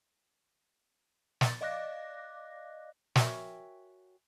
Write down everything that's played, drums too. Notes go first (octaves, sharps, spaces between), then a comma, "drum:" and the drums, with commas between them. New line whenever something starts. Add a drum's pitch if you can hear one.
A6, drum: snare
D5 D#5 F5 D6 F#6 A#6
F#4 A#4 C#5 E5 G5 G#5, drum: snare